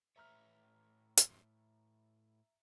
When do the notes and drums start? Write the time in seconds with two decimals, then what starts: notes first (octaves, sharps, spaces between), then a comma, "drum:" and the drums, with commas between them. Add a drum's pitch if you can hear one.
0.16 A2 B4 C#5 E5 A#5 F6
1.17 drum: hi-hat